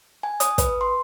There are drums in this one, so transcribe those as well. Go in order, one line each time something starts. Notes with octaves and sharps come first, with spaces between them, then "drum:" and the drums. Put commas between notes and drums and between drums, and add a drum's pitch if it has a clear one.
G#5
D#6, drum: hi-hat
B4, drum: kick, hi-hat
C6